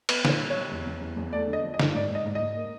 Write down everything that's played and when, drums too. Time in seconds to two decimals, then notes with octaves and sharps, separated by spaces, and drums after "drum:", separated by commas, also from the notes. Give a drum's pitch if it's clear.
0.09 B3 B4, drum: cymbal
0.25 A#2 C5, drum: snare
0.40 G3
0.50 C#5
0.56 G3
0.71 E2
0.87 E2
1.01 E2
1.17 E2
1.33 A3 D5
1.48 D3
1.53 D#5
1.63 F3
1.74 D#5
1.79 G2, drum: snare
1.94 G#2 D5
2.10 G#2 D#5
2.26 G#2
2.35 D#5
2.41 G#2
2.57 A#3